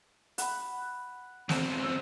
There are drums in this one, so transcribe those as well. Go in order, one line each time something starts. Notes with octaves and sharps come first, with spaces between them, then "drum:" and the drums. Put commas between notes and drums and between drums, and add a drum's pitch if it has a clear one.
F#5 B5, drum: hi-hat
E2 C4, drum: snare